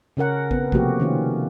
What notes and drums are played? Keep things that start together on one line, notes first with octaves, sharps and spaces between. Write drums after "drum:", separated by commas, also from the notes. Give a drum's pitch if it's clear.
C#3 C#4 A#4 F#5
B3 C4, drum: kick
C3 F3 A3 A#3 F#4 G4, drum: kick
D#3 C#4 F4